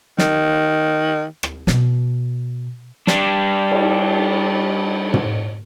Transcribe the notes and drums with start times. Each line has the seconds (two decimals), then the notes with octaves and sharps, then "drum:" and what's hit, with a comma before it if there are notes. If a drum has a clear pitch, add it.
0.18 D#3, drum: snare
1.43 drum: rim click
1.67 B2, drum: snare
3.07 G3 D4, drum: snare
3.71 drum: cymbal
5.14 drum: tom